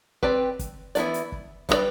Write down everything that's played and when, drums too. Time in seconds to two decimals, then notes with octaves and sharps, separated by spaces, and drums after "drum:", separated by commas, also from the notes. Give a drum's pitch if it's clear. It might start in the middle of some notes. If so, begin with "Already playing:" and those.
0.23 C4 G4 B4 D5, drum: kick
0.59 drum: kick, hi-hat
0.95 E3 B3 E4 B4 D5, drum: hi-hat
1.14 drum: hi-hat
1.32 drum: kick
1.69 G3 B3 F4 B4 D5, drum: kick, hi-hat